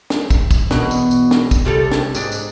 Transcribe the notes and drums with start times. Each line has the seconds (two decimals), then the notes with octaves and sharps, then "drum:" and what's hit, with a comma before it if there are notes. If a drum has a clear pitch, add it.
0.10 drum: snare
0.30 drum: kick, tambourine
0.51 drum: kick, tambourine
0.71 E2 B2, drum: snare
0.91 drum: tambourine
1.11 drum: tambourine
1.31 drum: snare
1.51 drum: kick, tambourine
1.65 C3 G3 A4
1.92 drum: snare
2.15 G#2 D4, drum: tambourine
2.32 drum: tambourine